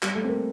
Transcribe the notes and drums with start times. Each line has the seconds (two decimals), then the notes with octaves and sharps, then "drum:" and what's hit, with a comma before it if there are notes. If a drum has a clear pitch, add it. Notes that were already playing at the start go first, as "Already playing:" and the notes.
0.03 G3, drum: clap
0.15 A3
0.24 C4
0.29 A#3